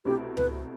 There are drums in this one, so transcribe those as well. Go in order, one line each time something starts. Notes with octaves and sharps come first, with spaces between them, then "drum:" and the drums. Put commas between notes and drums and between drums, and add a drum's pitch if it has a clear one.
C2 B2 A3 C4 E4 G4
B4, drum: tom C#2